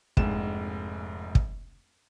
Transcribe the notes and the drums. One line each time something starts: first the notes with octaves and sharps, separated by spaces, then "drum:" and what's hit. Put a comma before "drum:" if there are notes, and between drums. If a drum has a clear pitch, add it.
F1 A#1 G#2 E7, drum: kick
drum: kick